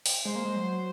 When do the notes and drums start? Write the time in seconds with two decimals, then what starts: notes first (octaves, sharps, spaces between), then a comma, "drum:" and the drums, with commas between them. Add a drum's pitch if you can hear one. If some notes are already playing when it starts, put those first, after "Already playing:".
0.06 drum: open hi-hat
0.25 G#3 C5
0.35 A#3
0.45 G#3
0.56 F#3